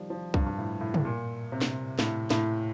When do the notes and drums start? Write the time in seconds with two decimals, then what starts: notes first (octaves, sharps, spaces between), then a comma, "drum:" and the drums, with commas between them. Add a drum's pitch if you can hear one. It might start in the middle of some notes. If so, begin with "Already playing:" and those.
Already playing: D#3 F3 G3
0.10 F3
0.34 G2, drum: kick C2
0.46 G2
0.58 A2
0.81 A2
0.94 drum: tom
1.05 A#2
1.52 C3
1.62 drum: snare
1.99 A2, drum: snare
2.30 A2, drum: snare